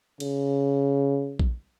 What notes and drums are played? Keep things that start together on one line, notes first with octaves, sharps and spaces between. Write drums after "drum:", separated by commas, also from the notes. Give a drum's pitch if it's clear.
C#3, drum: cymbal
drum: kick A#1